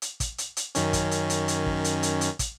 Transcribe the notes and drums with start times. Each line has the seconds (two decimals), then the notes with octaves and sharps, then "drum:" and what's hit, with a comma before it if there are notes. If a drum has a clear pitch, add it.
0.02 drum: hi-hat
0.20 drum: kick, hi-hat
0.38 drum: hi-hat
0.57 drum: hi-hat
0.75 F#2 D#3 C#4, drum: hi-hat
0.93 drum: kick, hi-hat
1.11 drum: hi-hat
1.30 drum: hi-hat
1.48 drum: hi-hat
1.66 drum: kick
1.84 drum: hi-hat
2.03 drum: hi-hat
2.21 drum: hi-hat
2.39 drum: kick, hi-hat